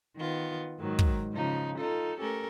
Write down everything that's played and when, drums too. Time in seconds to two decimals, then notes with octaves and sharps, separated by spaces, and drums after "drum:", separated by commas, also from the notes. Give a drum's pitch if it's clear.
0.17 D#3 B3 F4
0.79 G#2 D#3 F#3
0.99 drum: kick
1.33 C#3 F3 D#4
1.78 D#4 F4 A4
2.19 A3 C#4 G4 A4 A#4